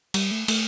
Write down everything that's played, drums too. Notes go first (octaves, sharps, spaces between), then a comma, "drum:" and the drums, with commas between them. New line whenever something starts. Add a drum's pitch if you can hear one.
G3, drum: cymbal
A3
A3, drum: cymbal